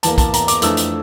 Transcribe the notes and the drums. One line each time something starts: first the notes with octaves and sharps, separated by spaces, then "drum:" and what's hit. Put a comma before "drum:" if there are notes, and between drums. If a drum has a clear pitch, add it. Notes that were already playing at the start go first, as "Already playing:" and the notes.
E2 E3 A#3 A5, drum: hi-hat
A5, drum: kick, hi-hat
A#5, drum: hi-hat
D6, drum: hi-hat
F2 E3 A3 D4 E6, drum: hi-hat
drum: hi-hat